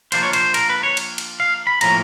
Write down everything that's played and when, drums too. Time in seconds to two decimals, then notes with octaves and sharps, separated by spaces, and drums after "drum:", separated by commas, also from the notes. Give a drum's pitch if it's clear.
0.12 F3 A#3 D4 F4 C5, drum: cymbal
0.23 C#5
0.33 C5, drum: cymbal
0.54 A#4, drum: cymbal
0.69 B4
0.83 C#5
0.97 drum: cymbal
1.18 drum: cymbal
1.40 F5
1.67 B5
1.81 A2 F3 A#3 C#4 A#5, drum: cymbal